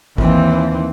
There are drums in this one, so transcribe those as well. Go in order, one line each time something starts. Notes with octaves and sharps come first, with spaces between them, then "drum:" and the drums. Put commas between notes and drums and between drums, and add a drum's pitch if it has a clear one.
D#2 E3 C4, drum: kick G#1